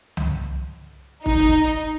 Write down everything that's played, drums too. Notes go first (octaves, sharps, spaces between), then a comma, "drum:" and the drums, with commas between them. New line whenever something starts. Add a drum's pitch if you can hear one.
drum: tom C2
D#4, drum: kick
drum: kick